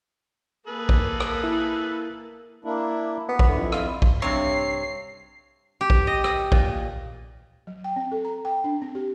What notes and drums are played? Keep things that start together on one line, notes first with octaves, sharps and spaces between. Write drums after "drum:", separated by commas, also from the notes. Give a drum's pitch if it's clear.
A#3 G#4 A4 B4
drum: kick A#1
drum: rim click
E4
A#3 D4 E4
B3
drum: kick A#1
F2 D3 E4
F4, drum: rim click
drum: kick A#1
G2 C3 C#5 C7
G4
drum: kick A#1
D#5
D#5, drum: rim click
A#2, drum: kick A#1
F#3
G5
C4
A4
A#5
G5
D4
C4
G4